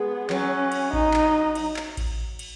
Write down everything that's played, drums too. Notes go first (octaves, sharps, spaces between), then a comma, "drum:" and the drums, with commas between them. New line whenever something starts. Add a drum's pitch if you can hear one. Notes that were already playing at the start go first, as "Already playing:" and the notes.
Already playing: G#3 B3
F#3 C#4, drum: clap
drum: cymbal
D#4, drum: kick A1
drum: clap
drum: cymbal
drum: clap
drum: kick A1, cymbal
drum: cymbal